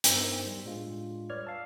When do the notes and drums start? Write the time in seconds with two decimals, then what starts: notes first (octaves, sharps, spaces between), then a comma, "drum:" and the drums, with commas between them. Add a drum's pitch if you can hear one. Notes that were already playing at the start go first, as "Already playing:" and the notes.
0.04 G2 B3 D#4 A#4 C5 E6, drum: hi-hat
0.46 G3
0.65 A2 G3 G#3 D4 F4
1.30 B4 C#5 D5 F6 G#6
1.45 F5 A5 E6